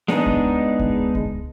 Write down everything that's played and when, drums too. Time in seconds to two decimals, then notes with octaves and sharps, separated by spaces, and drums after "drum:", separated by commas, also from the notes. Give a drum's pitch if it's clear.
0.08 G#3 B3 D4 D#4 G#4, drum: snare A3
0.26 drum: kick C#2
0.79 drum: kick C#2
1.15 drum: kick C#2